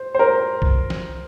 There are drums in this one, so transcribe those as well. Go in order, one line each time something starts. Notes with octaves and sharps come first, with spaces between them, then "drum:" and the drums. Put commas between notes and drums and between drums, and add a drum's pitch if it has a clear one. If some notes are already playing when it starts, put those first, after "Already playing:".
Already playing: C5
C5
A#4
drum: kick B1
drum: snare